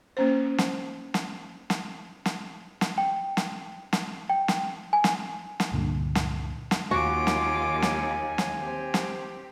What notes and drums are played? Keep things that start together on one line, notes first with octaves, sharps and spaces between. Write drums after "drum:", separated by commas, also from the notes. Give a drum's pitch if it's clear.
A#3 C#4 C5
drum: snare
drum: snare
drum: snare
drum: snare
drum: snare
G5
drum: snare
drum: snare
G5
drum: snare
G#5
drum: snare
drum: snare
C#2 G2 A#2 D3
drum: snare
drum: snare
D#2 F4 F#4 G#5 D6
drum: snare
drum: snare
drum: snare
C4 G4
drum: snare